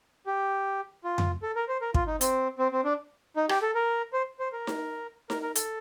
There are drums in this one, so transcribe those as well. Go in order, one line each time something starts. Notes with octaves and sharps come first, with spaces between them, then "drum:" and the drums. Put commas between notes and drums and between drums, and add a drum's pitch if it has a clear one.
G4
F4
drum: tom F2
A4
A#4
C5
A#4
F4, drum: kick
D#4
C4, drum: hi-hat
C4
C4
D4
D#4
G4, drum: rim click
A4
A#4
C5
C5
A#4
drum: snare D#4
A#4, drum: snare D#4
A#4
A4, drum: hi-hat